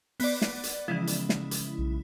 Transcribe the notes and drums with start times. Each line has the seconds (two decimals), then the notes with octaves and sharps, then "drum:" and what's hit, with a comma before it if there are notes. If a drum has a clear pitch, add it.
0.20 B3 D5, drum: open hi-hat
0.42 drum: snare
0.63 drum: hi-hat
0.88 C#3 E3 F3 G#3 E4
1.07 drum: hi-hat
1.29 drum: snare
1.51 drum: hi-hat
1.78 B1